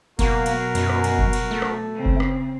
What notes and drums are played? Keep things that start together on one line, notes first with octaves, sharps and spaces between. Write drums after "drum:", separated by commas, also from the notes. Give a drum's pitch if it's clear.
B2 F#3 A#3 F#4 A#4, drum: kick F#1, cymbal
drum: cymbal
F#2, drum: cymbal
drum: rim click
drum: cymbal
drum: kick F#1
drum: cymbal
A3
drum: rim click
C#3 C4
drum: kick F#1
drum: rim click